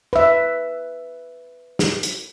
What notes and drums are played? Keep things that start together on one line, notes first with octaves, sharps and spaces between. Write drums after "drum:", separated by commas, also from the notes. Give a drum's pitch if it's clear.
B4 E5
drum: snare
drum: hi-hat